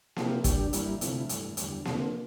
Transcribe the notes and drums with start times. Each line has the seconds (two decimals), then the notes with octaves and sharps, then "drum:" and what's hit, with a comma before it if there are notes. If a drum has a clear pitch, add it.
0.16 C3 F3 A#3 E4 G4, drum: snare A#3
0.44 D3 G3 D4 G4, drum: kick, hi-hat
0.73 G2 E3 G3 A#3 E4, drum: hi-hat
1.01 D2 C3 F3 A3 E4, drum: hi-hat
1.29 G2 E3 A3, drum: hi-hat
1.57 E2 D3 G3, drum: hi-hat
1.85 D3 F3 C4, drum: snare A#3